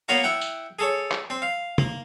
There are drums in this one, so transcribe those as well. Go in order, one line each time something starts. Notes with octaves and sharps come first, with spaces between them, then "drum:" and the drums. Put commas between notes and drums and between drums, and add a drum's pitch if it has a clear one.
A#3 B3 F#4 C#5 F5 A#5
E4 F#5 G5
drum: tambourine
G#4 A4 C#5
drum: clap
C4
F5
A#3, drum: tom